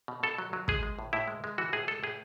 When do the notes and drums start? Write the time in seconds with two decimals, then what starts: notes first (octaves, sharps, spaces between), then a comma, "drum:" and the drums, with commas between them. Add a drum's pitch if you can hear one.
0.08 B2
0.23 B2 A4
0.38 F#3
0.53 F#3
0.68 G#3 G#4, drum: kick
0.83 G#3
0.99 A2
1.13 A2 E4
1.28 G#3
1.44 G#3
1.58 E3 F#4
1.73 A2 G#4
1.88 G#3 A4
2.03 A2 G#4